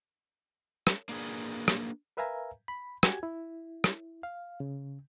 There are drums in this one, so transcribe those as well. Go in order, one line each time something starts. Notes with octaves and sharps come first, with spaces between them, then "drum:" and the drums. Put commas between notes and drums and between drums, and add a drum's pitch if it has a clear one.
drum: rim click
A#3 D4 G#4 B4
drum: rim click
A#4 B4 E5 F5 G#5 A#5
B5
F#4 G4 G#5 G#6, drum: rim click
E4
drum: rim click
F5
C#3